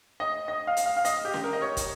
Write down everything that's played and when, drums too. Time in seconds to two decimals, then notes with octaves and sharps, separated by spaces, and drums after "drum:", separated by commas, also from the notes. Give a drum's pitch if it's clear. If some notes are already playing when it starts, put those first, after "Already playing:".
0.20 D#5
0.48 D#5
0.67 F5
0.77 drum: hi-hat
0.86 F5
0.97 F5
1.05 D#5, drum: hi-hat
1.25 G4
1.34 drum: snare C#4
1.44 A#4
1.53 D#5
1.62 C#5
1.77 drum: kick, hi-hat